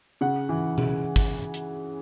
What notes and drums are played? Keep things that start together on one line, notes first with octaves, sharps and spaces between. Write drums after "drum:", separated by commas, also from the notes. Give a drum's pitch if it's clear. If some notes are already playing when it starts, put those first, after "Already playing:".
C#3 F#5
E3
C#3, drum: tom B2
drum: kick, hi-hat
drum: hi-hat